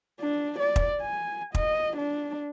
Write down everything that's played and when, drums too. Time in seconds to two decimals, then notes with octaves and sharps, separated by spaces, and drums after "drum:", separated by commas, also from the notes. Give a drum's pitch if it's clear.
0.20 D4
0.60 D5
0.76 drum: kick
1.01 G#5
1.55 D#5, drum: kick
1.98 D4